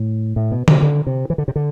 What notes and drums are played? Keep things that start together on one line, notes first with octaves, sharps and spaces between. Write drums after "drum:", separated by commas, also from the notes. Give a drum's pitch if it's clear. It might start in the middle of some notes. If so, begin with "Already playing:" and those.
Already playing: A2
A2
B2
C3, drum: tom D3
D3
C3
E3
D3
C3
D3